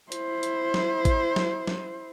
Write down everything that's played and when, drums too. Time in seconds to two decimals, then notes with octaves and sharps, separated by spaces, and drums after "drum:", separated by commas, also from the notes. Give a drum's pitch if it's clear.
0.12 E4 C5, drum: hi-hat
0.43 drum: hi-hat
0.74 drum: snare
1.05 drum: kick A1, hi-hat
1.36 drum: snare
1.67 drum: snare